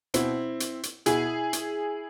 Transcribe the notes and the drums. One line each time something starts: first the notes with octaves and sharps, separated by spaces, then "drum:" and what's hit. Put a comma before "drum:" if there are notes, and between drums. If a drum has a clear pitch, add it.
B2 C4 E4, drum: hi-hat
drum: hi-hat
drum: hi-hat
B2 E4 G#4, drum: hi-hat
drum: hi-hat